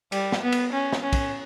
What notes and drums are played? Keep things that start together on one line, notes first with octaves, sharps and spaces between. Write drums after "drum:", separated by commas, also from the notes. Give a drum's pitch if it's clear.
G3, drum: cymbal
drum: snare
B3
drum: cymbal
C#4
drum: snare
C#4
drum: kick, cymbal